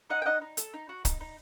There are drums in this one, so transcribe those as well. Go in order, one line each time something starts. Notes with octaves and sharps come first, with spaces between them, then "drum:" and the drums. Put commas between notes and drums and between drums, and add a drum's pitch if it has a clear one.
D#4 D#5 F#5
G5
D#4 D#5 F#5
D#4
A4, drum: hi-hat
D#4
F#4
D#4, drum: kick, hi-hat
D#4